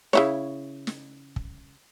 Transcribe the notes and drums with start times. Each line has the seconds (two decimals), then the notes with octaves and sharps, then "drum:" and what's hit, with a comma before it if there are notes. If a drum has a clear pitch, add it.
0.13 C#3 E4 C#5, drum: snare
0.87 drum: snare
1.36 drum: kick